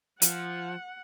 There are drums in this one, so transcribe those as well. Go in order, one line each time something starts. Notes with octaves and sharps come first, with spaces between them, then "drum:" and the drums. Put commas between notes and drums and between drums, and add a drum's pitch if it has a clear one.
F3 F#5, drum: hi-hat